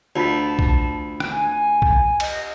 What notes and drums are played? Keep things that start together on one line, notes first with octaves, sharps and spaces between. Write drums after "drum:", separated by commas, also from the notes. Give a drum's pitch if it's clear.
D2 F4 A5 B5 B6
drum: kick B1
drum: rim click
G#5
drum: kick B1
D#5, drum: cymbal